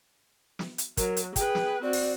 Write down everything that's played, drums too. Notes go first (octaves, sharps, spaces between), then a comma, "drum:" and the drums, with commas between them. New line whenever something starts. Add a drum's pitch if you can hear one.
drum: snare
drum: hi-hat
F#3 A#4, drum: kick, hi-hat
drum: hi-hat
G#4 B4 G5, drum: kick, hi-hat
drum: snare
C4 F#4 D5
drum: open hi-hat